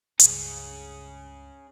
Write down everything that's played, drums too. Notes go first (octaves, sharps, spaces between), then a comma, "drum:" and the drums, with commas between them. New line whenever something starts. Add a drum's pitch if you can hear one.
C#2 G2 C#4 G#4, drum: hi-hat